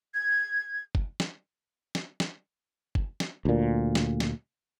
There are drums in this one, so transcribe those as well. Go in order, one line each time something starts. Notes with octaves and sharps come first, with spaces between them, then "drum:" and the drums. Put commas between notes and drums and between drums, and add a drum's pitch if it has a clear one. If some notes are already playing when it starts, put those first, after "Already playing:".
G#6
drum: kick
drum: snare
drum: snare
drum: snare
drum: kick
drum: snare
D2 A#2
drum: snare
drum: snare